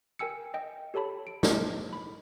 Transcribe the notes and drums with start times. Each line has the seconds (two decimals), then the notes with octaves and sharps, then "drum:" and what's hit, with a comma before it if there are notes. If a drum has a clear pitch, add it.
0.19 A#4 G5 G#5 E6 C#7
0.54 D#5 G5
0.94 G4 A4 C#5 A5 B5
1.27 D7
1.43 A#3 D4 C5, drum: snare
1.93 B5